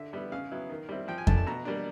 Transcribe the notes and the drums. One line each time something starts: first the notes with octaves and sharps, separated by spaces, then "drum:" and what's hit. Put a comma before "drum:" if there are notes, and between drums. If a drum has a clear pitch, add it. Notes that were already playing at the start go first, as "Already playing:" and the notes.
Already playing: D3 E5
G3 B3 E4
C#3 F5
F#3 B3 E4
D#3
G3 C4 E4
F3 G5
G#5
A3 D4 A5, drum: kick F2
A5
B2 A#5
G3 A#3 D4